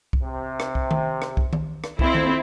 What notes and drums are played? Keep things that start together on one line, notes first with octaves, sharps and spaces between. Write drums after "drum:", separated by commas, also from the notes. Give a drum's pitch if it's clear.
drum: kick
C3
drum: rim click
drum: kick
drum: tom D#3
drum: rim click
drum: kick
drum: tom D#3
drum: rim click
F2 C4 E4, drum: kick
drum: tom D#3